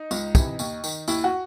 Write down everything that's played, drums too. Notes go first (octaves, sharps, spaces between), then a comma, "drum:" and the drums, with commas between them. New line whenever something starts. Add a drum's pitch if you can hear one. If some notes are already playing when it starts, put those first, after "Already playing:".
Already playing: D#4
C#2, drum: tambourine
C3 E3, drum: kick, tambourine
D#2, drum: tambourine
D#3, drum: tambourine
D#2 E4, drum: tambourine
F#4